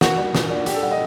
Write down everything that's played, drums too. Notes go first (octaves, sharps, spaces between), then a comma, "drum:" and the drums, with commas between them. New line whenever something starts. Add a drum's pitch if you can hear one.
A#3 F#4, drum: snare
G3
A#2, drum: snare
D4
D4 G4, drum: hi-hat
A4
G3 F#5
D#5